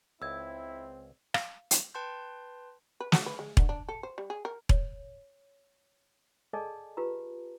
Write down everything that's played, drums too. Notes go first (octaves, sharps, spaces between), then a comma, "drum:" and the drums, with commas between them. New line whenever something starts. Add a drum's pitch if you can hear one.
C#2 C4 E4 E6 G#6
F5, drum: rim click
drum: hi-hat
B4 G5 A5 C6 G6
B4
F#4, drum: snare
B4
G#3
D3, drum: kick E1
D4
A4
C5
G3
G#4
A#4
C#5, drum: kick E1
G#4 A4 D5 D#5 G#5 A5
F4 G4 B4 A#5